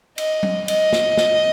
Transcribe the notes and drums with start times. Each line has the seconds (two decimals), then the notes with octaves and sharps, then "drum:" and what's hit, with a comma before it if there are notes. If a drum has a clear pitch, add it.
0.18 D#5, drum: cymbal
0.43 drum: tom F#3
0.68 D#5, drum: cymbal
0.93 drum: snare
1.18 drum: snare